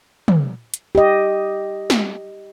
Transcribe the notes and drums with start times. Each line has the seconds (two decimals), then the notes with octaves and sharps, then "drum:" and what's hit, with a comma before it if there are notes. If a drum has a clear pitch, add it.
0.28 drum: tom
0.74 drum: hi-hat
0.95 G4 D#5
1.90 drum: snare